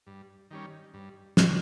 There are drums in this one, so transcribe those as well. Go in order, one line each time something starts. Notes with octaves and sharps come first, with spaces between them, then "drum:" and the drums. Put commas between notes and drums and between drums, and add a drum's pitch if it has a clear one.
G2
D#3 G3 C#4
G2
D#3 G3 C#4, drum: snare